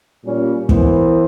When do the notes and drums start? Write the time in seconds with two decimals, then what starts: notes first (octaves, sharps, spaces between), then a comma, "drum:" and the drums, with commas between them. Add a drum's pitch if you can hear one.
0.24 A#2 G3 C#4
0.69 E3 B3 A#4 C5, drum: kick